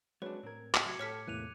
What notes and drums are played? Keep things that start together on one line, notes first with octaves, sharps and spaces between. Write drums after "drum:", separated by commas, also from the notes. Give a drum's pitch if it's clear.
F#3 G#3 C4 D4 B4 C#5
A2 C4 A#4 G#6
drum: clap
C3 F#3 E5 D6 G#6 C#7
A2 G4 A4 C#5 F6 B6
E2 A2 C3 E3 A#3 F#6 D#7 F7